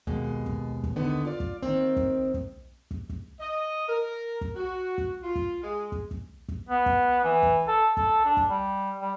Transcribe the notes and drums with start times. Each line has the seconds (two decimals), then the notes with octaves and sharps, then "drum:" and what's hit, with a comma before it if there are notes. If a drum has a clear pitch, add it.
0.07 D#2 B2 G#3, drum: kick
0.46 drum: kick
0.84 drum: kick
0.96 D#2 D3 D#3 B3
1.25 F4 D5
1.40 drum: kick
1.63 D#3 A#3 C4
1.97 drum: kick
2.34 drum: kick
2.91 drum: kick
3.10 drum: kick
3.40 D#5
3.89 A#4
4.41 drum: kick
4.56 F#4
4.98 drum: kick
5.23 F4
5.35 drum: kick
5.63 G#3
5.92 drum: kick
6.11 drum: kick
6.48 drum: kick
6.69 B3
6.86 drum: kick
7.24 E3
7.43 drum: kick
7.68 A4
7.97 A4, drum: kick
8.25 D4
8.37 drum: kick
8.49 G3
9.01 G3